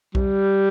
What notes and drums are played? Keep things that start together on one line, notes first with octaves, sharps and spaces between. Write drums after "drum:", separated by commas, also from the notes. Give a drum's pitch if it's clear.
G3, drum: kick B1